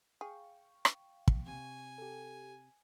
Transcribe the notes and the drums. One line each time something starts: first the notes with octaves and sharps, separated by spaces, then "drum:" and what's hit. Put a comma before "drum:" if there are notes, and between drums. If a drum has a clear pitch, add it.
G#4 F5 G5 C#6
drum: rim click
drum: kick
C3 G#5
G4 A4